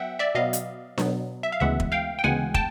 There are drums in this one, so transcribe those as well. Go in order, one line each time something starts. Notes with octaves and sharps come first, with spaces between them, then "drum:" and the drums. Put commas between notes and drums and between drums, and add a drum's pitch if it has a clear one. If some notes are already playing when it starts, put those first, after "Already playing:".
Already playing: F#3 B3 E5 F#5 G5
D5 E5
B2 F#3 B3 D#5 F5
drum: hi-hat
B2 F#3 B3, drum: snare D4
E5
F5
D2 C#3 E3 G#3 B3 E5 F#5
drum: kick
F5 G5
G5
D2 C#3 E3 G#3 B3 F#5 G#5
G5 A5, drum: kick